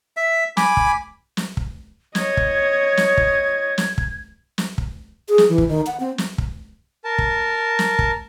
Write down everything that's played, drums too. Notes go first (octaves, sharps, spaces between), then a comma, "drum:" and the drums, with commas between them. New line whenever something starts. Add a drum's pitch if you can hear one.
E5
G#5 B5 D6, drum: snare
drum: kick
drum: snare
drum: kick
C#5 D#5 G#6, drum: snare
drum: kick
drum: snare
drum: kick
drum: snare
drum: kick
drum: snare
drum: kick
G#4
drum: snare
E3
drum: kick
D#3
F#5
C4
drum: snare
drum: kick
A#4 A5
drum: kick
drum: snare
drum: kick